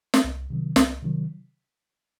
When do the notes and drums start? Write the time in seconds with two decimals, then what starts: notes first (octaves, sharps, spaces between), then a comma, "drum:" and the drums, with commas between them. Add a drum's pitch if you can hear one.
0.14 drum: snare
0.24 C2
0.50 C3 D#3 F#3
0.76 C2, drum: snare
1.03 C3 D#3 F#3